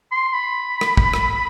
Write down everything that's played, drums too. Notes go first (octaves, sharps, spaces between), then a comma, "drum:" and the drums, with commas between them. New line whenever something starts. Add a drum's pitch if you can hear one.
C6
B5
drum: rim click
drum: kick
drum: rim click